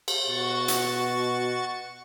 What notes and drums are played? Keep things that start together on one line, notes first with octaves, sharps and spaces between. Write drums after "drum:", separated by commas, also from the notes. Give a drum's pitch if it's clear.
drum: cymbal
B2 F#4 C#6 A6
drum: hi-hat